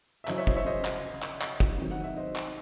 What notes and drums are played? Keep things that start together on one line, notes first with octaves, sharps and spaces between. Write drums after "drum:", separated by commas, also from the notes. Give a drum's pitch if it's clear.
E5
C#3 F#3 C#4 E4 C5 D#5, drum: clap
C#5 E5
C5 D#5, drum: kick
C#5 E5
C5 D#5
drum: clap
drum: clap
drum: clap
drum: kick
D#3 F#3 C4 D#4
F#5
E5
C5 D#5
drum: clap